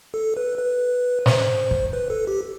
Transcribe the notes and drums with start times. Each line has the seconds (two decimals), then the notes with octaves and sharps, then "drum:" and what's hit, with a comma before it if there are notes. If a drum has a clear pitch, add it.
0.14 A4
0.37 B4
0.58 B4
1.26 C5, drum: snare
1.71 drum: kick
1.93 B4
2.10 A4
2.27 G4